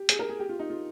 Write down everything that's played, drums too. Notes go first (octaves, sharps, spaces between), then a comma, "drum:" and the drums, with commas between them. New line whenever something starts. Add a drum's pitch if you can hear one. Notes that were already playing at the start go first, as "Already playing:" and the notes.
Already playing: G4
G#4, drum: hi-hat
A#4
G#4
G4
F4
D#4
F4